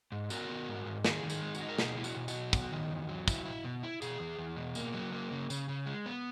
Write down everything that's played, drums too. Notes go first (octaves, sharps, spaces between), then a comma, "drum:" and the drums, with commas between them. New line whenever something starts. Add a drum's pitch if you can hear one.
G#2
B3 F#4 A#4, drum: tambourine
B3
G#2
G#2
D#3 G#4, drum: snare
D#3
G#4, drum: tambourine
G#3
F#4, drum: tambourine
D#4
A#4
B2 G#4, drum: snare
E4
F#4, drum: tambourine
B2
F#4, drum: tambourine
F#3
B3, drum: kick, tambourine
D#3
E2
F#3
E4, drum: kick, tambourine
E4
B2
E4
B2 G#4, drum: tambourine
E2
E2
B2
A#3, drum: tambourine
F#3
A#3
C#3
C#3, drum: tambourine
C#3
G#3
B3